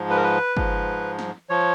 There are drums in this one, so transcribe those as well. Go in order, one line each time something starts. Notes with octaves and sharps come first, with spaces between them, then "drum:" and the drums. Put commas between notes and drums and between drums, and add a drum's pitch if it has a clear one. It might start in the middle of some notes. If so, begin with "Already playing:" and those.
Already playing: G#2 F3
B4
A#4
B4
G#2 F3, drum: kick G1
drum: snare
F3 C#5